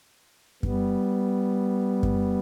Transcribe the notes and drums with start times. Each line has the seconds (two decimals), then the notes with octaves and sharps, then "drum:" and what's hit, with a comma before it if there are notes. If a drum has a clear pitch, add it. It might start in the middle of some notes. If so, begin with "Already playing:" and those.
0.63 G3 B3, drum: kick F#2
2.03 drum: kick F#2